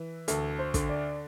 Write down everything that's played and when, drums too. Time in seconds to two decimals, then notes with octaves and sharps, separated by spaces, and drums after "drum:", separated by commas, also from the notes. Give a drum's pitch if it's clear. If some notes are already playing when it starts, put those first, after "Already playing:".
Already playing: E3
0.28 D2 A4, drum: hi-hat
0.59 C5
0.74 D3, drum: kick, hi-hat
0.89 D5